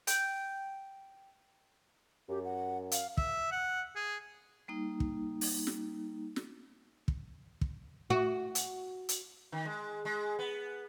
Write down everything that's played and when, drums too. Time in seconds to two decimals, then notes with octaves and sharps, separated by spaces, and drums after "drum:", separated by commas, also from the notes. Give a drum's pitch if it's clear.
0.07 G5, drum: hi-hat
2.29 F#2 G4
2.45 F#5
2.91 F5, drum: hi-hat
3.17 E5, drum: kick
3.52 F#5
3.96 G#4
4.68 G3 A#3 D#4
5.00 drum: kick
5.41 drum: open hi-hat
5.67 drum: snare
6.36 drum: snare
7.08 drum: kick
7.61 drum: kick
8.10 F#4
8.55 drum: hi-hat
9.09 drum: hi-hat
9.52 D#3
9.65 G#3
10.05 G#3
10.39 B3